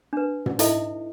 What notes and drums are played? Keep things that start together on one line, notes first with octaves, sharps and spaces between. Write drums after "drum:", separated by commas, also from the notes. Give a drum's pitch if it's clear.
D4 B4
drum: tom
D#4 E4 A4 D#5 E5, drum: hi-hat